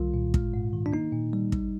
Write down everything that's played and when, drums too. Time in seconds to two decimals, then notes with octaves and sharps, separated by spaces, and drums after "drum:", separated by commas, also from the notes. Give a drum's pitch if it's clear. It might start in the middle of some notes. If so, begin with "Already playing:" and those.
Already playing: C2 D#3 G3 F4
0.14 A#2
0.34 G#3, drum: kick
0.54 G#2
0.73 D#3
0.86 D4
0.93 A#3 D#4
1.13 A#2
1.33 G3
1.52 G3, drum: kick